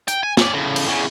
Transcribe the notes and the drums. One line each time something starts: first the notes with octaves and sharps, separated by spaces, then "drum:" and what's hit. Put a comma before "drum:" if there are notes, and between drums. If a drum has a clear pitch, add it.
G5, drum: hi-hat
G#5
C#4 D5, drum: snare
A2 C#3
drum: cymbal
E2 C#3